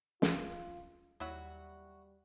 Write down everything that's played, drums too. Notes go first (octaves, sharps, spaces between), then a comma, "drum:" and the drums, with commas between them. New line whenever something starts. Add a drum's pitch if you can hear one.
D2 F#3 F4, drum: snare
D#2 F#3 G3 E4 F#4